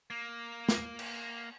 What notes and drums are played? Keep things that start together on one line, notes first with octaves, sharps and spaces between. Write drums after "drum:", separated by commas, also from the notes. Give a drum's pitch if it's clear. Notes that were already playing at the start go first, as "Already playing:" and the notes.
A#3
drum: snare
drum: cymbal